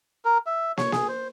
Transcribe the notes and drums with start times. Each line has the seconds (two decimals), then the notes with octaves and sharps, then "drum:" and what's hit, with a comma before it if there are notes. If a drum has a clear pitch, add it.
0.25 A#4
0.46 E5
0.77 C#5, drum: snare
0.92 G#4, drum: snare
1.08 C5